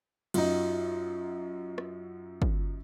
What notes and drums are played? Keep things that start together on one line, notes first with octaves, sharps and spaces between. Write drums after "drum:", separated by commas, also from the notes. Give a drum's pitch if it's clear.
F#2 F#3 D#4 F4, drum: cymbal
drum: rim click
drum: kick